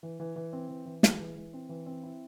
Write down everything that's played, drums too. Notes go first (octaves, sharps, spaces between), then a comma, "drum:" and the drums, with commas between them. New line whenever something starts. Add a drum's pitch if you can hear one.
E3
E3
E3
C4
E3
E3
G#3, drum: snare
E3
E3
C4
E3
C4
E4